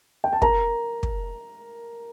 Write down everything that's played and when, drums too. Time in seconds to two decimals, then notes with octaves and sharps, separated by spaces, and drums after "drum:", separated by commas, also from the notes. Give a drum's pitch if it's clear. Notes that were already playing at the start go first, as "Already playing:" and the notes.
0.24 G5
0.33 A5
0.42 A#4 A#5, drum: kick
1.03 drum: kick